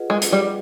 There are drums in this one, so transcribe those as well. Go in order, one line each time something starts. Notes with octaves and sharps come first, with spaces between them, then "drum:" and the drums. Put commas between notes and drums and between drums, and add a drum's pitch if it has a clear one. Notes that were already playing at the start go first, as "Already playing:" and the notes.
Already playing: F4 G#4 B4 D#5 F#5
G#3
drum: hi-hat
G3